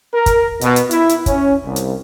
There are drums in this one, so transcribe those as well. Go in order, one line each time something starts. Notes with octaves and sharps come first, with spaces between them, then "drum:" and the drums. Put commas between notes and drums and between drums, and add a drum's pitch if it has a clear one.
A#4
drum: kick, hi-hat
B2, drum: hi-hat
drum: hi-hat
E4, drum: hi-hat
drum: hi-hat
C#4, drum: kick, hi-hat
C2
drum: hi-hat